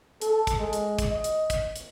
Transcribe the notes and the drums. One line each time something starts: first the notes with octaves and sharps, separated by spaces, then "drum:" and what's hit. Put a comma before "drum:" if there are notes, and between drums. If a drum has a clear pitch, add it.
A4, drum: hi-hat
drum: kick, hi-hat
G#3
drum: hi-hat
drum: kick, hi-hat
D#5
drum: hi-hat
drum: kick, hi-hat
drum: hi-hat